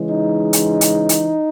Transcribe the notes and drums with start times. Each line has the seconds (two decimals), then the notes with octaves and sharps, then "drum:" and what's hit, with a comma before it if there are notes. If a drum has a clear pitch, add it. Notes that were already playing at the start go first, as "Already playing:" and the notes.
Already playing: C#3 E3 G#3
0.10 D#4
0.53 drum: hi-hat
0.81 drum: hi-hat
1.09 drum: hi-hat